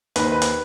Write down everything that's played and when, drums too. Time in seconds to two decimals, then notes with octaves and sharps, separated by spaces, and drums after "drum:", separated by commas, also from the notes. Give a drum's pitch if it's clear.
0.16 D#2 B4, drum: hi-hat
0.23 C5
0.32 B4
0.42 drum: hi-hat